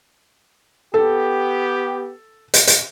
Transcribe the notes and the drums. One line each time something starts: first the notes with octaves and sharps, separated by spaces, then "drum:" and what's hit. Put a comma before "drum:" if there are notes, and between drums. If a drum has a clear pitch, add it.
B3 G4 A4
drum: hi-hat
drum: hi-hat